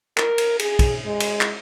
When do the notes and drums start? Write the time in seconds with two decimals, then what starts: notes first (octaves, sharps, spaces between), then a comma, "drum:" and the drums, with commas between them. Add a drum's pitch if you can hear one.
0.17 A#4, drum: clap
0.38 drum: cymbal
0.59 G#4, drum: cymbal
0.79 drum: kick, cymbal
1.06 G#3
1.20 drum: cymbal
1.41 drum: clap